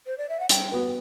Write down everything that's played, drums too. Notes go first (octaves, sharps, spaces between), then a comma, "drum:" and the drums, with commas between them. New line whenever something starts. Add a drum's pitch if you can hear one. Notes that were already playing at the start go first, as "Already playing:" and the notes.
C5
D5
E5
F#5
G3 G5, drum: hi-hat
B3 F#4 B4